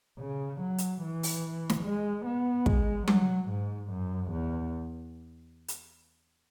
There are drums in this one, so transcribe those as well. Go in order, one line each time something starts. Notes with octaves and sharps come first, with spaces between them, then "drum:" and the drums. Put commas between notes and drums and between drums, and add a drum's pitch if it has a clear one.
C#3
F#3
drum: hi-hat
E3
drum: open hi-hat
drum: snare
G#3
B3
G#3, drum: kick
F#3, drum: tom G3
G#2
F#2
E2
drum: hi-hat